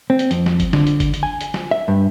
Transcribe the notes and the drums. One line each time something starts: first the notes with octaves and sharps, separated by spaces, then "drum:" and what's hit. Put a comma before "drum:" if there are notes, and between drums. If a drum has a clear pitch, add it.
C4
drum: hi-hat
F2, drum: hi-hat
drum: snare
drum: kick G1, hi-hat
D3, drum: snare
drum: hi-hat
drum: kick G1, hi-hat
drum: hi-hat
G#5
drum: hi-hat
drum: snare
E5
G2